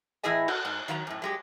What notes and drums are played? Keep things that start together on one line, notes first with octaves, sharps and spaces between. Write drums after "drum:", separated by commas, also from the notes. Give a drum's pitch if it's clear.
A2 E3 E4 G#4 D#5 G#5
F#4, drum: cymbal
G#2
D#3 F#3 E5 A#5
F#2 A2
F#3 G#3 G4